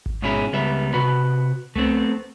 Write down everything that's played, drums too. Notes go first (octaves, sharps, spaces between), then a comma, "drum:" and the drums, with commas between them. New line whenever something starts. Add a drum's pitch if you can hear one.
drum: kick G#1
G#2 B2 C#4 E4 G#4 E5
C#2 G3 B3 E5
C3 F#4 B4 B5
A3 B3 C4, drum: tom C2